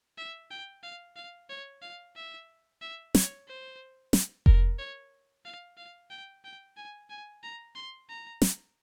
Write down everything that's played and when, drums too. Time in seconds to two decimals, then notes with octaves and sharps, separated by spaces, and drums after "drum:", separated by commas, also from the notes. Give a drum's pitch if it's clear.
0.18 E5
0.51 G5
0.83 F5
1.16 F5
1.49 C#5
1.82 F5
2.16 E5
2.81 E5
3.15 C#5, drum: snare
3.47 C5
4.13 drum: snare
4.46 A#4, drum: kick F1
4.78 C#5
5.45 F5
5.77 F5
6.10 G5
6.44 G5
6.77 G#5
7.10 G#5
7.43 A#5
7.75 C6
8.09 A#5
8.42 drum: snare